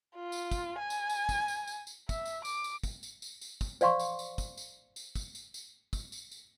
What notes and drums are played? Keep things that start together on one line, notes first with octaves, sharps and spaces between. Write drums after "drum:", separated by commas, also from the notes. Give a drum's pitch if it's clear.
F4
drum: tambourine
drum: kick, tambourine
G#5
drum: tambourine
drum: tambourine
drum: kick, tambourine
drum: tambourine
drum: tambourine
drum: tambourine
E5, drum: kick, tambourine
drum: tambourine
D6, drum: tambourine
drum: tambourine
drum: kick, tambourine
drum: tambourine
drum: tambourine
drum: tambourine
drum: kick, tambourine
C5 D5 F5 C6 C#6, drum: tambourine
drum: tambourine
drum: tambourine
drum: kick, tambourine
drum: tambourine
drum: tambourine
drum: kick, tambourine
drum: tambourine
drum: tambourine
drum: kick, tambourine
drum: tambourine
drum: tambourine